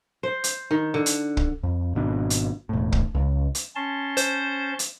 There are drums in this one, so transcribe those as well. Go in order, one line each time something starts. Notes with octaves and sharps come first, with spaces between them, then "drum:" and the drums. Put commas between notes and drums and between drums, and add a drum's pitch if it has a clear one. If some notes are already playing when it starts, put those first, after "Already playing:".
C5
drum: hi-hat
D#3
D3
drum: hi-hat
drum: kick
F2
G#1 B2 D4
drum: hi-hat
E1 A2
drum: kick
C#2
drum: hi-hat
C#4 A5 C6
C5, drum: hi-hat
drum: hi-hat